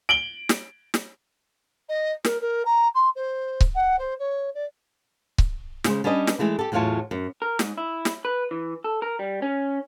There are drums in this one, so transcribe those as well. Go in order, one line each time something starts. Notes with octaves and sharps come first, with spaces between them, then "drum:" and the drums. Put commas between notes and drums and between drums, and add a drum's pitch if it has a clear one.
D7 F#7 G7
drum: snare
drum: snare
D#5
A#4, drum: snare
A#4
A#5
C6
C5
drum: kick C#1
F#5
C5
C#5
D5
drum: kick C#1
C#3 G#3 C5, drum: snare
G3 C#4 D4 B4 D#5
drum: snare
E3 G#3 A3 E4
G4 A4
E2 A2 F#3 F4 C#5 A5
F#2
A#4
G#2, drum: snare
E4
drum: snare
B4
E3
A4
A#4
G3
C#4